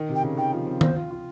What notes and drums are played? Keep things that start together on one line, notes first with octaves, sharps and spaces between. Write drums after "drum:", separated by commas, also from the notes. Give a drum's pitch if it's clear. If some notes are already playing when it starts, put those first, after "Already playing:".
Already playing: D#3
C3
G5
C#3
D#3 G5
F3
C4
F4 C5, drum: tom D#3
F4
F4